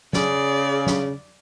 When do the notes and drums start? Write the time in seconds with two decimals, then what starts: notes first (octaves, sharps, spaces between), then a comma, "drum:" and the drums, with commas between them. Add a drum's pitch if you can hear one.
0.13 C#3 G#4 D5, drum: snare
0.87 drum: snare